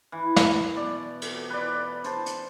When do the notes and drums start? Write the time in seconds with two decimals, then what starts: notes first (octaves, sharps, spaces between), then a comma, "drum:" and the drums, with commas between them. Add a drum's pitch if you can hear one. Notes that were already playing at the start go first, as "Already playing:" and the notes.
0.12 E3
0.36 drum: snare
0.76 B2 D5
1.22 drum: cymbal
1.50 B4 D5
2.04 C5 A5, drum: hi-hat
2.26 drum: hi-hat